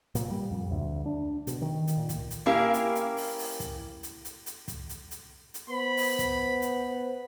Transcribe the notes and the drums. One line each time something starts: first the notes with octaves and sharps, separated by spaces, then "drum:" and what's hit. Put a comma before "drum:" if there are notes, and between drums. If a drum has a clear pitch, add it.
A#2, drum: hi-hat
G3
F2
D2
D4
B2, drum: hi-hat
D#3
drum: hi-hat
A#2
drum: kick, hi-hat
drum: hi-hat
A#3 C#4 E4 G4 A#4 F5
drum: hi-hat
drum: hi-hat
drum: open hi-hat
drum: open hi-hat
drum: kick, hi-hat
drum: hi-hat
drum: hi-hat
drum: hi-hat
drum: kick, hi-hat
drum: hi-hat
drum: hi-hat
drum: hi-hat
B3 C5 B5
drum: open hi-hat
drum: kick, hi-hat
drum: hi-hat